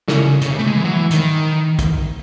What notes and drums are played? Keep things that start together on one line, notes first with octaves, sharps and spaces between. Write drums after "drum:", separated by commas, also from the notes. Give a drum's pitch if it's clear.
C#3, drum: snare
C#3, drum: hi-hat
C3
A3
G#3
E3
F#3
E3
D#3, drum: hi-hat
drum: kick, hi-hat